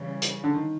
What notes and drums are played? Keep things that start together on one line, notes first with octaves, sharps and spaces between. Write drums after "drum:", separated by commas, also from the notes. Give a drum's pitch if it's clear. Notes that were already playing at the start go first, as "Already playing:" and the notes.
Already playing: C#3 E3 G3
drum: hi-hat
D3
D#3